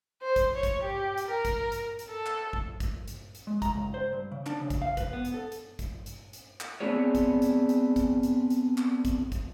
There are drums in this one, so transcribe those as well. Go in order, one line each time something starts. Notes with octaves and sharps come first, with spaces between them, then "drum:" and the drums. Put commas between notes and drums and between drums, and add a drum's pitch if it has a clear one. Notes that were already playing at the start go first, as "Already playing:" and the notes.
C5
drum: kick, hi-hat
C#5
drum: kick, hi-hat
G4
drum: hi-hat
A#4
drum: kick, hi-hat
drum: hi-hat
drum: hi-hat
A4
drum: clap
drum: kick
drum: kick, hi-hat
drum: hi-hat
drum: hi-hat
G#3
A#5, drum: kick, hi-hat
C#2
C5
G2
C#3
D4, drum: clap
C#3
drum: kick, hi-hat
F5
B4, drum: kick, hi-hat
B3
drum: hi-hat
A4
drum: hi-hat
drum: kick, hi-hat
drum: hi-hat
drum: hi-hat
drum: clap
B3 C4 D4 E4 G#4 C#5
drum: kick, hi-hat
drum: hi-hat
drum: hi-hat
drum: kick, hi-hat
drum: hi-hat
drum: hi-hat
drum: clap
drum: kick, hi-hat
drum: kick, hi-hat